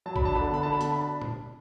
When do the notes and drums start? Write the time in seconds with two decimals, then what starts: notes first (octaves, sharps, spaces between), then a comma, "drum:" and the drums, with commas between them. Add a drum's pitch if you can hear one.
0.06 F#3 A5
0.16 B5, drum: kick
0.21 D4 A5
0.35 D3 B5
0.44 A5
0.51 B3 B5
0.63 D3 A5
0.72 B5
0.81 B3 A5, drum: hi-hat
0.92 D4 B5
1.01 A5
1.22 drum: tom A#2